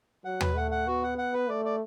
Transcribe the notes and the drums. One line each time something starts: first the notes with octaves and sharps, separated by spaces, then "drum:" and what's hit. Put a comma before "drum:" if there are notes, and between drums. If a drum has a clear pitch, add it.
F#3 F#5
B4, drum: tom D#2
A3 F#5
F#5
B3 F#4
F#5
F#5
B4
A3 D5
D5